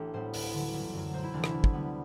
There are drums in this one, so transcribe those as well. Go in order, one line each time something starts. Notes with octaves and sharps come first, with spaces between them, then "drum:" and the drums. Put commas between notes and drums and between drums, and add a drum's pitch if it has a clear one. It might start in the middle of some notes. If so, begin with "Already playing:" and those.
Already playing: A1 A3 D4 G4 A4
A2 G3 B3 C5
D2 B4, drum: open hi-hat
D3 F#3
G1
F#2 F#3
E1 C5
E4
D2 C3 E3 D4
E4, drum: rim click
D2
drum: kick
D3 G3 B3